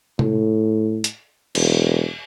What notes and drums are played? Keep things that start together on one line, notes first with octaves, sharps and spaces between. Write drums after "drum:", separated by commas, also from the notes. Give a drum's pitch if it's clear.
A2, drum: tom C3
drum: hi-hat
E1, drum: cymbal